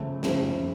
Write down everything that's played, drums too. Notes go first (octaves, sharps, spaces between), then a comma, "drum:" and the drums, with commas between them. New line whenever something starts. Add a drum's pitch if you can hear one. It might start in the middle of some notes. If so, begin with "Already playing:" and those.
Already playing: C#2 C#3 F3 A3 C#4
C#2 C#3 F3 A3 C#4, drum: snare